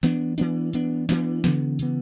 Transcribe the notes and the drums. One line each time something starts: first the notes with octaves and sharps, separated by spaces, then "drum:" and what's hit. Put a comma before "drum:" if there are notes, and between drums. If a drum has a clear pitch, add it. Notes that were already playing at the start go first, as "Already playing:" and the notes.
E3 B3 D4, drum: snare
E3 B3 D4, drum: hi-hat
E3 B3 D4, drum: hi-hat
E3 B3 D4, drum: snare
C#3 E3 B3, drum: snare
C#3 E3 B3, drum: hi-hat